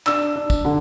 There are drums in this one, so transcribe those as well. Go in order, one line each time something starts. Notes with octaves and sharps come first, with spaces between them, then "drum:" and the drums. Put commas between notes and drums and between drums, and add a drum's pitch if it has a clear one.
D4 E6, drum: clap
D4
drum: kick, tambourine
D3